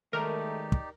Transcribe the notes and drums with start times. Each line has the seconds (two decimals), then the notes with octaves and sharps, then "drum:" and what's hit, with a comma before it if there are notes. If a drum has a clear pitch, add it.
0.13 D#3 G#3 A3 D#4 G4 A#4 B4 D5
0.72 drum: kick